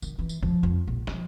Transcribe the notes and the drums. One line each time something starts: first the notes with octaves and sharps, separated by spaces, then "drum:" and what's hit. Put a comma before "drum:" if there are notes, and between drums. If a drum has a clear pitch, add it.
D#3, drum: tambourine
E3
drum: tambourine
F3, drum: kick
F2
A#1
F3, drum: snare